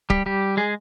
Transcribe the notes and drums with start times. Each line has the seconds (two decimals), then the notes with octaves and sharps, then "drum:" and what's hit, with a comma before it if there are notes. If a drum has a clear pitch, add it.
0.10 G3 G4, drum: kick
0.26 G3 G4
0.57 G#3 G#4